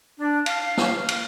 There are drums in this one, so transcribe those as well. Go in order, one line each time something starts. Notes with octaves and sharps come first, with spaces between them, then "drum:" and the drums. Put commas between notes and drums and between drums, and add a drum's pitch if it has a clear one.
D4
F5, drum: cymbal
drum: snare
drum: cymbal